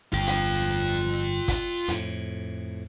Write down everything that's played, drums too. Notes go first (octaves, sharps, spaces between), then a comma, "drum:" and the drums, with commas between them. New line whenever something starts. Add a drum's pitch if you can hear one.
G1 F4 G5
drum: hi-hat
drum: kick, hi-hat
F2 A2, drum: hi-hat